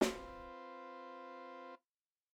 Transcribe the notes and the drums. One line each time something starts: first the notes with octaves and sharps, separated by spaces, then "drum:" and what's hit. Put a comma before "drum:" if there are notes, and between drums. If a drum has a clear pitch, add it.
C4 F4 B4 C5, drum: snare